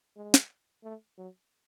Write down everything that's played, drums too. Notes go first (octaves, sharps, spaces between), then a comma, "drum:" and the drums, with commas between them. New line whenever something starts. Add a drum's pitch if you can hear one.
G#3
drum: snare
A3
F#3